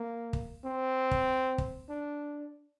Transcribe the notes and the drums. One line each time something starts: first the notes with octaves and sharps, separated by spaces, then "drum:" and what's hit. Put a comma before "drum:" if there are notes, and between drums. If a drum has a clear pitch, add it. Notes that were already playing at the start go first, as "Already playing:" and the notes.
Already playing: A#3
drum: kick
C4
drum: kick
drum: kick
D4